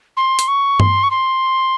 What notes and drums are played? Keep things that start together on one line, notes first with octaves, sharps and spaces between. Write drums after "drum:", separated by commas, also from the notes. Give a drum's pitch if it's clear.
C6
drum: hi-hat
C#6
C6, drum: tom G2
C#6
C6